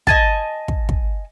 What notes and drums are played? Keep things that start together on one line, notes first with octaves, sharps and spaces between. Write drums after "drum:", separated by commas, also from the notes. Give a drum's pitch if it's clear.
D#5 G#5 A5, drum: kick
drum: kick
drum: kick